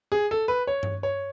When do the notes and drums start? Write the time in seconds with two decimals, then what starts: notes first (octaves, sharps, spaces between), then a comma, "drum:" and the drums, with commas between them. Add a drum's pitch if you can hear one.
0.12 G#4
0.31 A4
0.48 B4
0.67 C#5
0.83 drum: tom G2
1.03 C#5